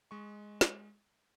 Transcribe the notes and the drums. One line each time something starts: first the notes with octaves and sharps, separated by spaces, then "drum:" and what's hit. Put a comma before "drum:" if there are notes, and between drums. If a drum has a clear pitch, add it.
G#3 D#5 C#6
drum: snare